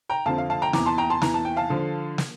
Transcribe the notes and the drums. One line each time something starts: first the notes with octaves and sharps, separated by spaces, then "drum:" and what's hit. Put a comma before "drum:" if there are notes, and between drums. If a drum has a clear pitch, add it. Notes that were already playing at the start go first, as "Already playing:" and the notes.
G5 A#5
F2 D3 F3 F5 A5
F5
F5 A5
G5 A#5
E2 E3 A#5 D6, drum: snare
A5 C6
G5 A#5
A5 C6
E2 E3 A#5, drum: snare
A5
G5
F5 A5
D3 F3
drum: snare